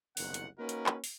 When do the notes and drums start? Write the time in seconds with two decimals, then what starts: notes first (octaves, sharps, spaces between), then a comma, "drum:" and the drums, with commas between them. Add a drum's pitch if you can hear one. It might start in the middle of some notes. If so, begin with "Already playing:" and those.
0.17 F#1 C2 D#3 B3 F#5, drum: open hi-hat
0.34 drum: hi-hat
0.58 A#3 C#4 D#4 F#4 A#4 B4
0.69 drum: hi-hat
0.86 drum: clap
1.04 drum: open hi-hat